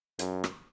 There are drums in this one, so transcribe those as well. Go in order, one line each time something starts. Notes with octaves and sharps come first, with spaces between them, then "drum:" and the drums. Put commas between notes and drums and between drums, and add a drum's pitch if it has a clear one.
F#2, drum: hi-hat
drum: rim click